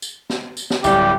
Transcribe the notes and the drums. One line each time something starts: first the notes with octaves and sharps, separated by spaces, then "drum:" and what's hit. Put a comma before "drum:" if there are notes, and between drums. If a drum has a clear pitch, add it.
drum: tambourine
drum: snare
drum: tambourine
drum: snare
D1 G3 G4, drum: tambourine